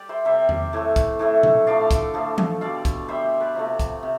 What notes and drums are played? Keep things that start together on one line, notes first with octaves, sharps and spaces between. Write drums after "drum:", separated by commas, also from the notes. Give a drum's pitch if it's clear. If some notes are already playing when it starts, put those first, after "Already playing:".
Already playing: G3 G4 D5
C5 E5
C3 G3 C5 E5
drum: tom E2
A2 E3 A3
drum: kick, hi-hat
A2 E3 A3
drum: tom A#2
D3 F3 A3 D5 F5
drum: kick, hi-hat
D3 F3 A3
drum: tom E3
B2 G3 D5 F5
drum: kick, hi-hat
B2 G3 C5 E5
B4 D5
C3 F3 A3
drum: kick, hi-hat
C3